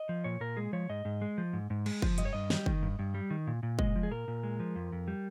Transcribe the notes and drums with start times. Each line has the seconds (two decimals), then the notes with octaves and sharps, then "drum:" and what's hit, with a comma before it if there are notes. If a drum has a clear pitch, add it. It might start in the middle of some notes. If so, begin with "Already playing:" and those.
Already playing: D#5
0.09 F3
0.24 A#2 C#5
0.40 A#2 A#4
0.57 G#3 G#4
0.73 F3 C#5
0.89 G#2 D#5
1.05 G#2
1.22 G#3
1.38 F3
1.53 G#2
1.70 G#2
1.86 G#3, drum: cymbal
2.02 F3, drum: kick
2.18 G2 D#5, drum: hi-hat
2.25 C#5
2.33 G2 D#5
2.50 G3, drum: snare
2.66 D#3, drum: kick
2.82 G2
2.99 G2
3.14 G3
3.31 D#3
3.47 A#2
3.63 A#2
3.79 G#3 D#5, drum: kick
3.96 F3
4.03 G#4
4.11 A#2 A#4
4.28 A#2
4.43 G#3
4.60 F3
4.76 F2
4.92 F2
5.08 G3